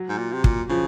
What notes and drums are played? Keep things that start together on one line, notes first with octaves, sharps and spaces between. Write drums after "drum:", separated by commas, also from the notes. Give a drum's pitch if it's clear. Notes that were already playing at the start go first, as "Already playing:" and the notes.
Already playing: F#3
G#2
A#2
C3
A#2, drum: kick
C#3 F3